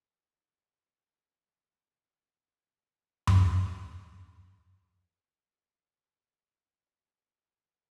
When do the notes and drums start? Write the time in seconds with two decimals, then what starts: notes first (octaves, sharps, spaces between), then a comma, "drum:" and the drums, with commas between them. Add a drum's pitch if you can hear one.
0.14 F4 G4
0.51 D#3 B3 A#4 F5
0.90 D4 G#4 B5 C6
2.51 C#3 E3
3.27 drum: tom F#2
4.86 A4
5.07 B4
5.35 G4
6.99 D1
7.33 C5
7.56 F#2 D6
7.77 G#1 G4 D#5 D6